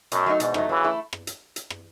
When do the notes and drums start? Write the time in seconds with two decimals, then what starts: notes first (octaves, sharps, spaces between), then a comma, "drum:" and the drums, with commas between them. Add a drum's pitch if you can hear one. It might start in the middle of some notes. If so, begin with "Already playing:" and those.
0.11 F#2 B2, drum: hi-hat
0.26 F#3 A3 D#4
0.40 E2 G#2 B2, drum: hi-hat
0.54 F#3 A3 D#4, drum: rim click
0.69 C#3 E3 F#3
0.84 A3 E4 A4
1.13 drum: rim click
1.27 drum: hi-hat
1.56 drum: hi-hat
1.70 drum: rim click